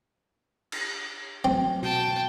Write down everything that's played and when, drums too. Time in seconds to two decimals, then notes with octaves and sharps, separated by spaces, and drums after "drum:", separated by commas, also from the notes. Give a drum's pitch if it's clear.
0.72 drum: cymbal
1.45 F#3 A3 C4
1.83 B2 F#4 G5 A5